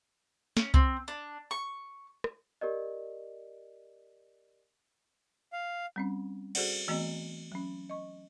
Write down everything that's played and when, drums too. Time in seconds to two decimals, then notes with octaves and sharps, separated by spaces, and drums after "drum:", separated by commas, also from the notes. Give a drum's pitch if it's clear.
0.57 C#4, drum: snare
0.74 C4, drum: kick C2
1.08 D4
1.51 C#6
2.24 drum: rim click
2.61 G4 A#4 D5 D#5
5.52 F5
5.96 G3 C4 C#4
6.55 F#4 G#4 A4 C5 D5 F#5, drum: cymbal
6.88 E3 A3 B3 C4 F#4 D#5
7.52 F#3 C#4
7.90 D#5 C#6